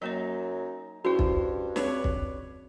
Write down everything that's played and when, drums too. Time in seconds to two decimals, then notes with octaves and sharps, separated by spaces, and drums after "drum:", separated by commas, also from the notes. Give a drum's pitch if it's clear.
0.02 F#2 F#3 A#3 D#4 C#5
1.05 G2 C#4 E4 F#4 G#4 C5
1.19 drum: kick
1.76 C4 D4 G#4 B4 C#5, drum: snare
2.04 drum: kick